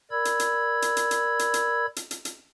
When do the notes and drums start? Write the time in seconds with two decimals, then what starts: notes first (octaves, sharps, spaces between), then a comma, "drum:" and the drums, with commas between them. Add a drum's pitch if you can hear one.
0.11 A#4 D5 B5 E6 G#6
0.25 drum: hi-hat
0.40 drum: hi-hat
0.82 drum: hi-hat
0.97 drum: hi-hat
1.11 drum: hi-hat
1.39 drum: hi-hat
1.54 drum: hi-hat
1.96 drum: hi-hat
2.11 drum: hi-hat
2.25 drum: hi-hat